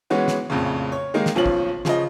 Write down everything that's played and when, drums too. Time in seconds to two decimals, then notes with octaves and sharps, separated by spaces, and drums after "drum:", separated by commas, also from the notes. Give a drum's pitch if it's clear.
0.10 E3 G#3 B3 C#4 F#4
0.28 drum: snare
0.50 A#1 F2 A2 C#3
0.92 C#5
1.14 D#3 G#3 A#3 D#4
1.26 drum: snare
1.35 B1 F3 C#4 F#7
1.46 drum: kick
1.85 C#3 F3 D#5, drum: snare